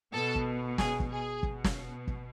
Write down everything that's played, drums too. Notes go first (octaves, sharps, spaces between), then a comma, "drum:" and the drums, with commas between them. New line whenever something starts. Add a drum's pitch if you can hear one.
B2 A4
drum: kick
G#4, drum: snare
drum: kick
G#4
B2, drum: kick
drum: snare
drum: kick